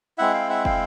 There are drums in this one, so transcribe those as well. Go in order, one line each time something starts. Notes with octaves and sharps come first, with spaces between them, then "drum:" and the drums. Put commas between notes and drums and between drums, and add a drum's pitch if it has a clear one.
G#3 C4 E4 E5 F#5
F5 G5
E5 F#5
F5 G5, drum: kick